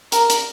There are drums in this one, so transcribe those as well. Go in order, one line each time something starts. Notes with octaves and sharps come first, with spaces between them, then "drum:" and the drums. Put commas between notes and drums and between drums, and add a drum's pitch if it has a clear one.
A#4, drum: hi-hat
drum: hi-hat